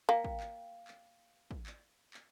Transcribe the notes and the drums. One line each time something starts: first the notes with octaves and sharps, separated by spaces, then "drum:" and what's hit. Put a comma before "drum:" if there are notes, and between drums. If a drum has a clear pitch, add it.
A#3 F5 G5
drum: kick
drum: clap
drum: clap
drum: kick
drum: clap
drum: clap